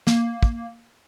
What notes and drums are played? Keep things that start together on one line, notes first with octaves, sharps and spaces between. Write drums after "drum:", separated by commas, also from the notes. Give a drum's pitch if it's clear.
A#3, drum: snare
drum: kick